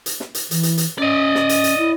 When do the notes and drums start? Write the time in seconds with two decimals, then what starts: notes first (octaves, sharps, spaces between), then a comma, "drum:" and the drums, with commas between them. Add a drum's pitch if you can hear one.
0.06 drum: hi-hat
0.20 drum: snare
0.35 drum: hi-hat
0.51 E3, drum: hi-hat
0.63 drum: hi-hat
0.78 drum: hi-hat
0.98 C#4 D5 D#5
1.35 drum: snare
1.49 drum: hi-hat
1.64 drum: hi-hat
1.78 E4